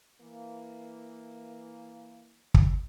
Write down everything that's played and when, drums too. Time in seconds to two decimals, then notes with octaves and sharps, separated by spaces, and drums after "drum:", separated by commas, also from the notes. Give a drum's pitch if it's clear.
0.21 E3 A#3
2.54 drum: kick